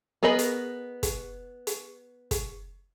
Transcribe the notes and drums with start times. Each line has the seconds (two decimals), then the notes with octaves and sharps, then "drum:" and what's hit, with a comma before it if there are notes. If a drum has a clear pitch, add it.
0.23 B3 G#4 A#4 D#5 B5
0.39 drum: hi-hat
1.03 drum: kick, hi-hat
1.67 drum: hi-hat
2.31 drum: kick, hi-hat